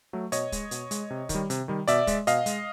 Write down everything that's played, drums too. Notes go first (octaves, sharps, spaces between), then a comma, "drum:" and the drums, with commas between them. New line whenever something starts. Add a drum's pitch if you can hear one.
F#3 A3
B2 C#5 D#5, drum: hi-hat
G#3, drum: kick, hi-hat
B2, drum: hi-hat
G#3, drum: hi-hat
C3
D#3, drum: kick, hi-hat
G3
C3, drum: hi-hat
D#3 G3
B2 D5 E5, drum: hi-hat
G#3, drum: kick, hi-hat
B2 D#5 F5, drum: hi-hat
G#3, drum: hi-hat